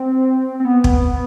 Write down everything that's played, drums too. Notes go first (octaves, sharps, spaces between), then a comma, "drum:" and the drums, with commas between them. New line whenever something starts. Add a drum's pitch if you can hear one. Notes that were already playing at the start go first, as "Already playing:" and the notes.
Already playing: C4
C4
B3
drum: kick